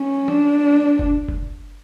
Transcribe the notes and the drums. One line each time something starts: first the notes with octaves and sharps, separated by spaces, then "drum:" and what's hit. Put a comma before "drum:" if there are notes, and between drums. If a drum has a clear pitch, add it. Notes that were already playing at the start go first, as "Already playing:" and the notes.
Already playing: C#4
D4, drum: tom
drum: kick F#1
drum: kick F#1